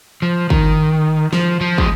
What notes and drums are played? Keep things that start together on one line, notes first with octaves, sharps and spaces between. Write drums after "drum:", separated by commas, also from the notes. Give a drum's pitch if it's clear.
F3
D#3, drum: kick
F3, drum: snare
F3
G#3, drum: kick